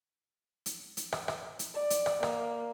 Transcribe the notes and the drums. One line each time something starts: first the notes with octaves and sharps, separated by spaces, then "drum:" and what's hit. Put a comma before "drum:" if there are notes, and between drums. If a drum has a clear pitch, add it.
drum: hi-hat
drum: hi-hat
drum: rim click
drum: rim click
drum: hi-hat
D5
drum: hi-hat
drum: rim click
A#3, drum: rim click